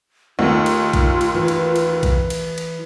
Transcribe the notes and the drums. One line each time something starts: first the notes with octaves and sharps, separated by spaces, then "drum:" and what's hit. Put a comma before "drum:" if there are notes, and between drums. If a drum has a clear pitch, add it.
D#2 A3 F4
drum: cymbal
drum: kick A#1, cymbal
drum: cymbal
E3
drum: cymbal
drum: cymbal
drum: kick A#1, cymbal
drum: cymbal
drum: cymbal